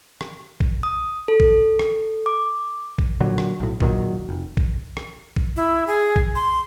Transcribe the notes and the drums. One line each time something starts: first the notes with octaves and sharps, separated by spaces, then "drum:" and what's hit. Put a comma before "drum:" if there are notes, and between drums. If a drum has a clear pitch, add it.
drum: rim click
drum: kick A#1
D#6
A4
drum: kick A#1
drum: rim click
D6
drum: kick A#1
A#2 D3 F#3
drum: rim click
B1 A2
E1 A#2 D#3 F#3, drum: kick A#1
F1
drum: kick A#1
drum: rim click
drum: kick A#1
E4
G#4
drum: kick A#1
C6